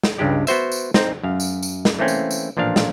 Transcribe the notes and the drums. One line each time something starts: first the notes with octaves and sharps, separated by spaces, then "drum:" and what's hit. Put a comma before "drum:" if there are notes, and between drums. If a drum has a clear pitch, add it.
drum: snare
C#2 G2 G#3 G4 D5
B3 F#4 C5 E5, drum: tambourine
drum: tambourine
C4 D#4 C5 A#5, drum: snare
F#2 F5
drum: tambourine
drum: tambourine
drum: snare
E3 A3 A#3 C4 C#4
drum: tambourine
drum: tambourine
A1 A#2 F3 D4 F5
drum: snare